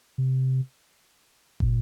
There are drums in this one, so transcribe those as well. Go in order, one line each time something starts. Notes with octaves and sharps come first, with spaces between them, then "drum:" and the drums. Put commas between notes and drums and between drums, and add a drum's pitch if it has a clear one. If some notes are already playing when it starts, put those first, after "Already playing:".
C3
A#2, drum: kick